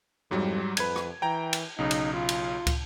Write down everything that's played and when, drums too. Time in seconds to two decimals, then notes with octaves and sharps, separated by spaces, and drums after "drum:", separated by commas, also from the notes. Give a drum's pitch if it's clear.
0.31 F2 G#2 F#3 G3
0.77 F2 B4 G#6, drum: cymbal
0.96 drum: rim click
1.22 E3 G5 A#5
1.53 drum: cymbal
1.78 B1 C#3 D#4
1.91 drum: cymbal
2.13 F4
2.29 drum: cymbal
2.67 drum: kick, cymbal